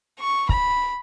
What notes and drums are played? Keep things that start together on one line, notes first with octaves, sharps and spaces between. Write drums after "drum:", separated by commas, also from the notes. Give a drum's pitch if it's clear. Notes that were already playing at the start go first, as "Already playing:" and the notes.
C#6
B5, drum: kick